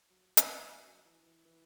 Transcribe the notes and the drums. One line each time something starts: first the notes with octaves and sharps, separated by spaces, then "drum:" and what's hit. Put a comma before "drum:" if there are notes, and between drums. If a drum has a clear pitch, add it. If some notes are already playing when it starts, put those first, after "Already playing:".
F#3
E3, drum: hi-hat
F#3
F#3
E3
E3
E3